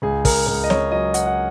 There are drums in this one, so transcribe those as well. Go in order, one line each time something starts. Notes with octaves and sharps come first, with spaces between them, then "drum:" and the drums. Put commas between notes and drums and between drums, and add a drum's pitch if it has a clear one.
C#2 G#4
A#4, drum: kick, open hi-hat
C#2 A#4
D#5
C#5, drum: snare
F#3 D#5
F#5, drum: hi-hat
F#5